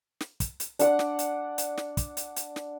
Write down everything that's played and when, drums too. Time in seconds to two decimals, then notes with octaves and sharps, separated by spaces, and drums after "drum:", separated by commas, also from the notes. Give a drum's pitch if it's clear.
0.20 drum: snare
0.40 drum: kick, hi-hat
0.60 drum: hi-hat
0.79 D4 F#5, drum: hi-hat
0.99 drum: snare
1.19 drum: hi-hat
1.58 drum: hi-hat
1.77 drum: snare
1.97 drum: kick, hi-hat
2.17 drum: hi-hat
2.36 drum: hi-hat
2.56 drum: snare